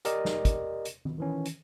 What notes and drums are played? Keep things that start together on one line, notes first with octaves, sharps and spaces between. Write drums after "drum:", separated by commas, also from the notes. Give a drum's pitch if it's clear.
G4 A#4 D5 D#5, drum: hi-hat
drum: snare
drum: kick, hi-hat
drum: hi-hat
drum: tom D#3
D#3 E3 C#4
drum: hi-hat